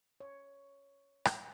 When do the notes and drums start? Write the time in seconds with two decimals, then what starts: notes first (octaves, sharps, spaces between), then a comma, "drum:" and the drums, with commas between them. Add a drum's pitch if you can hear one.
0.20 C#5
1.25 drum: rim click